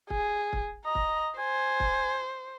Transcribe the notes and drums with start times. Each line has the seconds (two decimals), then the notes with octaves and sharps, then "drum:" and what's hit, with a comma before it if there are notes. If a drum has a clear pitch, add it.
0.10 G#4, drum: kick
0.53 drum: kick
0.85 D#5 A#5
0.95 drum: kick
1.38 C5 G#5
1.80 drum: kick